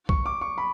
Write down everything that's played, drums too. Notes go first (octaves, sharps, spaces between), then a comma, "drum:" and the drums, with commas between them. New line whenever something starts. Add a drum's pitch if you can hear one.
C#6, drum: kick
D6
C#6
B5